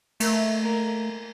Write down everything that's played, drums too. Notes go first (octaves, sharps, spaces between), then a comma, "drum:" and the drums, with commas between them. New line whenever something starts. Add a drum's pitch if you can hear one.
A3 A#3, drum: cymbal
A#3